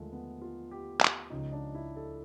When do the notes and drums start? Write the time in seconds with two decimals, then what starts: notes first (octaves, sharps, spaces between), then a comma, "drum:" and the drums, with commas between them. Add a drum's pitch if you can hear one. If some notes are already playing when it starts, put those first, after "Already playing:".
Already playing: D#2 D3 F3 G#3 A3
0.12 B3
0.42 F4
0.71 G4
1.01 drum: clap
1.30 C#2 C#3 F3 D#4
1.52 D4
1.75 E4
1.96 A4